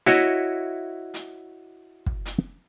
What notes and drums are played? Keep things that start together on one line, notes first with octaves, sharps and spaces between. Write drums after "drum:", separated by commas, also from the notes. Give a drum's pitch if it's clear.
E4 F#4 C#5 D#5 E5, drum: snare
drum: hi-hat
drum: kick
drum: hi-hat